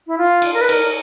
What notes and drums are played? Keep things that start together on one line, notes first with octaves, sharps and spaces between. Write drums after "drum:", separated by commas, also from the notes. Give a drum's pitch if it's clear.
E4
F4
drum: cymbal
A#4
B4
A#4, drum: cymbal